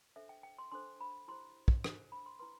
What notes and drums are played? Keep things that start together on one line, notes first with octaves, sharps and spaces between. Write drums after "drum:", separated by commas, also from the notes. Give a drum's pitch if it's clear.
D4 A4 C5 E5
G5
G5
C6
D4 A4 C5 C6
B5
E4 G4 C5 C6
drum: kick
D4 A4 C5, drum: rim click
B5
C6
E4 B4 C6